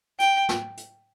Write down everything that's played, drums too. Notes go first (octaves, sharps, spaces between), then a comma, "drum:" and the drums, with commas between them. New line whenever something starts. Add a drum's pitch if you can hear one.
G5, drum: hi-hat
drum: snare
drum: hi-hat